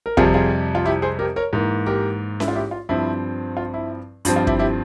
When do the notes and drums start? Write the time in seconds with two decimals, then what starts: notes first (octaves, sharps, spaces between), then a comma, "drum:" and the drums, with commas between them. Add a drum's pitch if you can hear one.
0.06 A#4
0.17 F2 C3 G3 F4 G#4, drum: kick
0.34 F4 G#4
0.75 F4
0.85 E4 G4
1.02 G#4 C5
1.19 G4 A#4
1.36 A#4 C#5
1.53 G#2 E3 A#3
1.86 G4 A#4
2.40 E4, drum: snare C#4
2.48 F4
2.55 E4 G4
2.71 F4
2.89 G2 F3 C4 E4
3.57 F4
3.74 E4
4.25 G2 F3 C4, drum: hi-hat
4.36 F4
4.47 E4 G4, drum: kick
4.59 E4 G4